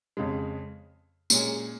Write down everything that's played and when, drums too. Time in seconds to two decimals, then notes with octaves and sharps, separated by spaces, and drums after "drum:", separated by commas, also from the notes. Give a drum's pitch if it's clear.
0.17 F2 C#3 G#3
1.30 A#2 G#3 C#4 G#4, drum: tambourine